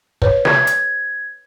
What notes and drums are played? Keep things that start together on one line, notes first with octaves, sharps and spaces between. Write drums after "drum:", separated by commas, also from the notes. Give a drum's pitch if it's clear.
B4 C#5, drum: kick
G#6, drum: snare
drum: hi-hat